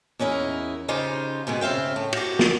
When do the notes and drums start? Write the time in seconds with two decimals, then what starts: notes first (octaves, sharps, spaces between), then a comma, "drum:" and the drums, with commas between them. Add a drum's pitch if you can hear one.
0.19 E2 C#4 D#4 E4 A#4
0.88 C#3 D#4 F4 G4 C5
1.47 G#2 B2 D#3 G#3
1.61 C#3 C4 E5 F5 G5
1.96 A2
2.13 F#4 G4, drum: cymbal
2.39 drum: snare